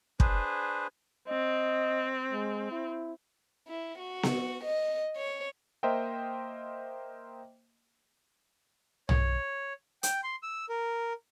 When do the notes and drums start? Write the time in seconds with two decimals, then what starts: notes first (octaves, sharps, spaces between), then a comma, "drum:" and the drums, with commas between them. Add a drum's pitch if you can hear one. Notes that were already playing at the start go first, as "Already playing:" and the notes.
0.20 D4 G#4 B4 C5, drum: kick
1.29 C4 D#5
2.33 G#3
2.71 E4
3.68 E4
3.99 F#4
4.23 drum: snare B3
4.64 D#5
5.17 C#5
5.83 A#3 A#4 C5 D#5 E5 G5
9.09 C#5, drum: tom
10.03 G5, drum: hi-hat
10.24 C6
10.43 E6
10.69 A#4